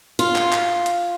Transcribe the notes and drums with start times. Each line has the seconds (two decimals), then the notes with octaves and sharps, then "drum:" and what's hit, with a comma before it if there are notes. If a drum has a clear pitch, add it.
0.19 F4, drum: hi-hat
0.36 drum: clap
0.52 drum: clap
0.86 drum: hi-hat